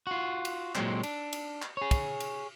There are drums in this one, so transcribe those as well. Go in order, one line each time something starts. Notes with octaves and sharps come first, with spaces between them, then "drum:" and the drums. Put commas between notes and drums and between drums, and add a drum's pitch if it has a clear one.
F4 F#4
drum: cymbal
A#2 F#3 G#3 C4, drum: clap
D4, drum: cymbal
drum: cymbal
drum: clap
G#4 C#5
drum: kick, cymbal
drum: cymbal